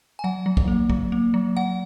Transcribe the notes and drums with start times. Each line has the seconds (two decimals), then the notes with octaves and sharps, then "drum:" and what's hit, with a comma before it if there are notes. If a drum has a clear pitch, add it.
0.19 G#5
0.24 F#3 F#5
0.46 F#3
0.57 drum: kick
0.68 A#3
0.90 F#3, drum: kick
1.12 A#3
1.34 F#3
1.57 F#3 F#5